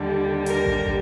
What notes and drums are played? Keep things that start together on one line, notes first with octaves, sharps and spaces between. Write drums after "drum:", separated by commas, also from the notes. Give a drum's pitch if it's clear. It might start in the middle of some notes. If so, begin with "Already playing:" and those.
Already playing: D#2 D3 G3
A#4, drum: hi-hat
drum: kick
drum: kick